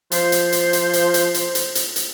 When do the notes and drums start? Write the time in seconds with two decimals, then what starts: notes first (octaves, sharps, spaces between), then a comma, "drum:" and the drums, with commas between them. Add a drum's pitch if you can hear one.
0.12 F3 C5, drum: hi-hat
0.32 drum: hi-hat
0.52 drum: hi-hat
0.73 drum: hi-hat
0.93 drum: hi-hat
1.14 drum: hi-hat
1.34 drum: hi-hat
1.55 drum: hi-hat
1.75 drum: hi-hat
1.96 drum: hi-hat